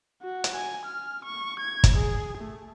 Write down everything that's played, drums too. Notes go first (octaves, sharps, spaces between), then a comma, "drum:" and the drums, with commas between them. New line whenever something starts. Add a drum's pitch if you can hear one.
F#4
drum: hi-hat
G#5
F6
C#6
G#6
drum: kick, hi-hat
G#4
A3